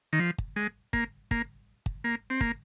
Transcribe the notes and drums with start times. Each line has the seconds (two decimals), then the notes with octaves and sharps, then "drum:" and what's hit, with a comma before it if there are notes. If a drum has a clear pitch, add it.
0.13 D#3
0.20 F3
0.38 drum: kick
0.56 G#3
0.93 A#3, drum: kick
1.31 A#3, drum: kick
1.86 drum: kick
2.04 A#3
2.30 C4
2.41 A#3, drum: kick